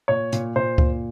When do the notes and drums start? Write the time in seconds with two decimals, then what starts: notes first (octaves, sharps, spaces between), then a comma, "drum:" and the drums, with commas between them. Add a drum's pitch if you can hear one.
0.08 A#2 C#5
0.33 A#2, drum: hi-hat
0.56 A#2 C5
0.78 A#2, drum: kick C#2